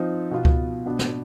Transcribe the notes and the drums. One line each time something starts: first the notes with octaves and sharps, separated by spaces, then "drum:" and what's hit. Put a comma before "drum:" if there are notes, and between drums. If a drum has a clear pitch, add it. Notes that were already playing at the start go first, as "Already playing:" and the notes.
Already playing: F3 C4 D#4
B2 B3 F4
drum: kick C#2
B2 B3 D4
drum: snare